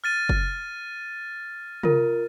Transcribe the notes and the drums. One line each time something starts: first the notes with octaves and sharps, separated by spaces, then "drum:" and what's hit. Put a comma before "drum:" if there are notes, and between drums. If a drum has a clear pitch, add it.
F6 A6 D#7
drum: kick F#1
F4 A#4, drum: tom C3